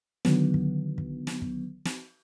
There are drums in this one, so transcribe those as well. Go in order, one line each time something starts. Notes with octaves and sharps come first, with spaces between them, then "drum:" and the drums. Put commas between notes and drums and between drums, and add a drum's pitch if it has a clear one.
D3 D#3 F#3 B3, drum: snare
drum: kick
drum: kick
drum: snare
drum: kick
drum: snare